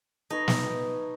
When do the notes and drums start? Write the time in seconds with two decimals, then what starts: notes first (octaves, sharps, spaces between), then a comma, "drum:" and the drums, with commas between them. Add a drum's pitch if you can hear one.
0.30 D#4 A4 B4 C#5
0.48 drum: snare